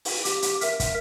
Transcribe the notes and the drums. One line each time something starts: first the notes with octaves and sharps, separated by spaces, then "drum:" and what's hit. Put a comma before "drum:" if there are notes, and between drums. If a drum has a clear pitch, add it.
drum: open hi-hat
G4, drum: hi-hat
drum: hi-hat
A#4 E5, drum: hi-hat
drum: kick, hi-hat